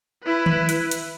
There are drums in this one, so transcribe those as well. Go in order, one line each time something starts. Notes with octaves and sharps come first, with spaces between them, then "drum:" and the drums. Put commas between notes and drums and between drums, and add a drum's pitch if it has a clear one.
E4 B4
drum: tom D#3
drum: hi-hat
drum: hi-hat